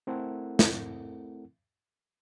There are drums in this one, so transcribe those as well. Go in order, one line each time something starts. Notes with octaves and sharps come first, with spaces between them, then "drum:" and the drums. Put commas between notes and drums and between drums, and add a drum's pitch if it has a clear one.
A3 C4 E4 A4 A#4 F#5
drum: snare